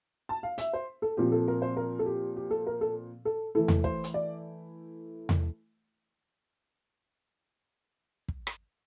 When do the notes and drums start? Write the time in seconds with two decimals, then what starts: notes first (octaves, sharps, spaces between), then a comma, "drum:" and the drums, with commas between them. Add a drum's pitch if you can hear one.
0.29 A5
0.43 F5
0.58 E5, drum: hi-hat
0.73 C5
1.02 A4
1.17 A#2 F3 C4 G4
1.32 A4
1.48 A#4
1.62 C5
1.77 A#4
1.99 A4
2.06 G4
2.36 G4
2.51 A4
2.67 A#4
2.81 A4
3.25 A4
3.55 E3 A3 E4 A4
3.68 drum: tom E2
3.84 C5, drum: kick
4.04 drum: hi-hat
4.14 D5
5.29 drum: tom E2
8.28 drum: kick
8.47 drum: rim click